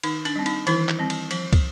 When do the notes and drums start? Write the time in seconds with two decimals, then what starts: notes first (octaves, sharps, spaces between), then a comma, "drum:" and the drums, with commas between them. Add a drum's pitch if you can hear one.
0.03 D#3 D#4, drum: cymbal
0.25 D4, drum: cymbal
0.36 G3 C4
0.46 D#4, drum: cymbal
0.67 D#3 E3 E4, drum: cymbal
0.89 drum: clap
0.99 G3 C4
1.10 drum: cymbal
1.31 F3, drum: cymbal
1.53 drum: kick, cymbal